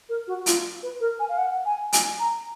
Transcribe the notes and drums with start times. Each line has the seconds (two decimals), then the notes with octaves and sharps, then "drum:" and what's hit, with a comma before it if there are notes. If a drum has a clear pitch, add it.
0.09 A#4
0.27 F#4
0.46 F4, drum: hi-hat
0.83 B4
1.00 A#4
1.20 G#5
1.29 F5
1.38 F#5
1.66 G#5
1.93 G#5, drum: hi-hat
2.20 A#5